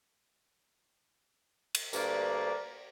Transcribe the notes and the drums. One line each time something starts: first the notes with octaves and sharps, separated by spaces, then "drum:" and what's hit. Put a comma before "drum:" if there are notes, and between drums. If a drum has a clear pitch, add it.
drum: cymbal
D2 G2 A#3 D5, drum: tambourine